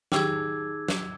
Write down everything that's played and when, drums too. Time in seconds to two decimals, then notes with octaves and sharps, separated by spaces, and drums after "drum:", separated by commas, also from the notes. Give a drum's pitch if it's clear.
0.12 D#3 D#4 G4 G#4 G5 D6 E6 G#6, drum: snare
0.88 drum: snare